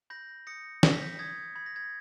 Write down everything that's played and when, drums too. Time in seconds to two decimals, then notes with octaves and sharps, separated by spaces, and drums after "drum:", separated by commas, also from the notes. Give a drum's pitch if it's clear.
0.10 B5 G6 A#6
0.47 D#6 G6 A#6 C#7
0.83 B5 A#6, drum: snare
0.92 B6
1.02 G6 A#6
1.19 D#6 G6 G#6
1.56 B5 G#6
1.66 A#6
1.76 G#6